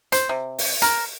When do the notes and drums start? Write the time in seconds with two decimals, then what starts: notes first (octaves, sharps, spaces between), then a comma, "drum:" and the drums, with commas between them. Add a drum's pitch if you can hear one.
0.12 C5, drum: hi-hat
0.29 C3
0.59 drum: open hi-hat
0.82 A#4, drum: hi-hat